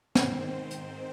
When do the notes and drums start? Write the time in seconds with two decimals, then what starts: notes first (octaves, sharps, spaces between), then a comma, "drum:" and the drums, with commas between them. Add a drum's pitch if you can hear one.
0.15 G#2 D#3 C4 C5, drum: snare
0.70 drum: hi-hat